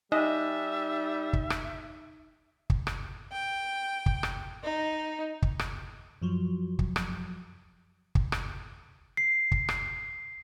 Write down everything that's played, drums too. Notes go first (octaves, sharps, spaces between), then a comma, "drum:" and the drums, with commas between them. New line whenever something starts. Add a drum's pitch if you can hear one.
G3 D#4 D#5 E5
drum: kick
drum: rim click
drum: kick
drum: rim click
G5
drum: kick
drum: rim click
D#4
drum: kick
drum: rim click
F#2 F3 F#3
drum: kick
drum: rim click
drum: kick
drum: rim click
C7
drum: kick
drum: rim click